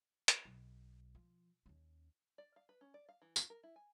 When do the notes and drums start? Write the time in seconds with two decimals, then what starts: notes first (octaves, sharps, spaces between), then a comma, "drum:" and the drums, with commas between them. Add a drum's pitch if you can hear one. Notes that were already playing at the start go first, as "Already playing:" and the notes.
0.28 drum: hi-hat
0.45 B1
1.15 F3
1.66 D#2 C#4
2.38 D5
2.56 F5
2.69 B4
2.81 C#4
2.94 D5
3.09 F5
3.22 E3
3.36 F4, drum: tambourine
3.50 A#4
3.63 E4
3.76 G#5